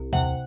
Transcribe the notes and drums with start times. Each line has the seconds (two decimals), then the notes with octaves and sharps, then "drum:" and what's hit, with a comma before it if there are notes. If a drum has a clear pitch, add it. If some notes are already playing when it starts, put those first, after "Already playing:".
Already playing: C2
0.13 C3 F#5, drum: tom D#2